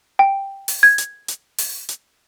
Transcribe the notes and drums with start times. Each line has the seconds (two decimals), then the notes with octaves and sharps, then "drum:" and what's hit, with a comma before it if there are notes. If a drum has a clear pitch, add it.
0.19 G5
0.68 drum: open hi-hat
0.83 G#6
0.98 drum: hi-hat
1.28 drum: hi-hat
1.58 drum: open hi-hat
1.89 drum: hi-hat